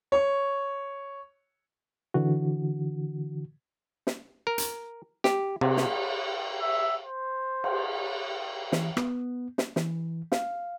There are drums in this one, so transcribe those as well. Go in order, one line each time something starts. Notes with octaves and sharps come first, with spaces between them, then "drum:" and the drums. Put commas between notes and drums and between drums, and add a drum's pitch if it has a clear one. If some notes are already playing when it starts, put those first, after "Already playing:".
C#5 C#6
D3 E3 F#4
drum: snare
A#4
drum: hi-hat
G4, drum: snare
C3, drum: cymbal
drum: snare
E5
C5
drum: cymbal
E3, drum: snare
B3, drum: rim click
drum: snare
E3, drum: snare
F5, drum: snare